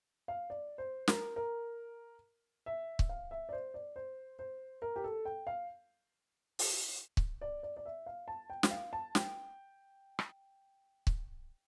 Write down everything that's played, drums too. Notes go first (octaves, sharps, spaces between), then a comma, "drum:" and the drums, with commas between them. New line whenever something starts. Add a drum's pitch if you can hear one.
F5
D5
C5
A#4, drum: snare
A#4
E5
drum: kick C#1
F5
E5
D5
C5
D5
C5
C5
A#4
G4
A4
G5
F5
drum: open hi-hat
drum: kick C#1
D5
D5
D5
E5
F5
A5
G5
G5, drum: snare
F5
A5
G5, drum: snare
drum: rim click
drum: kick C#1